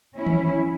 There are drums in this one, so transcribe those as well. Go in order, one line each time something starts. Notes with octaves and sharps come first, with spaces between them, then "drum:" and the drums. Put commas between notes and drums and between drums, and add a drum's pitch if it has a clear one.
C#4 E4
drum: tom D#3